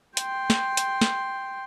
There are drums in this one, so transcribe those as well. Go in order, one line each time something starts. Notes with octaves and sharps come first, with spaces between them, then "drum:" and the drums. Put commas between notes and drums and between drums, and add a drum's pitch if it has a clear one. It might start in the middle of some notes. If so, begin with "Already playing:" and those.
G5 C6, drum: hi-hat
drum: snare
drum: hi-hat
drum: snare